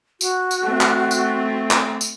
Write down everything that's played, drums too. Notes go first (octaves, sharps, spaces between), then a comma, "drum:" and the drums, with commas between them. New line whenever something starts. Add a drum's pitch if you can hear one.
F#4, drum: tambourine
drum: tambourine
A3 C4
drum: clap
drum: tambourine
drum: clap
drum: tambourine